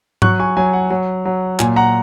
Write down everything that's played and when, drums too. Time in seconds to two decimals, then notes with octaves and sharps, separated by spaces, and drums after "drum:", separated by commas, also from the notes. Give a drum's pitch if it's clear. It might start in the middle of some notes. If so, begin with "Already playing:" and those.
0.22 F#3 C#6 F#6, drum: tom G#2
0.40 G#5 C#6
0.57 F#3 G#5
0.73 F#5
0.90 F#3
1.25 F#3
1.59 A#2 G#5, drum: clap
1.76 F#5 A#5